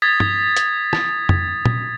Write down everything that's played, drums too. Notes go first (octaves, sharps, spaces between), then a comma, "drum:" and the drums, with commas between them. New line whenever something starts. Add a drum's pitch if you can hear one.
D#6 G#6 A6 B6
drum: tom G2
drum: hi-hat
drum: rim click
drum: tom F2
drum: tom A#2